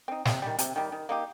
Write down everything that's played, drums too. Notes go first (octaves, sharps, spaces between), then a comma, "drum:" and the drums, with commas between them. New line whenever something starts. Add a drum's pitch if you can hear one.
C4 D#4
C3, drum: snare
D#3 G3
C3, drum: hi-hat
D#3 G3
D#3
A#3 D#4 G4